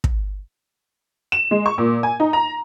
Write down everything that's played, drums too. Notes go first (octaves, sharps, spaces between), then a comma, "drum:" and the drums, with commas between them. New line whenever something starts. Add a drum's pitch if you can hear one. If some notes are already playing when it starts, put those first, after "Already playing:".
drum: kick
E7
G#3
C#6
A#2
G#5
D#4
A#5